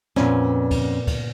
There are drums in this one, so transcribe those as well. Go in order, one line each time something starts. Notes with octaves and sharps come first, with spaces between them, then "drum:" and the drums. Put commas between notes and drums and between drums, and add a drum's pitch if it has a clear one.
F2 A#2 B3 C#4 D5, drum: snare
drum: kick, cymbal
drum: kick, cymbal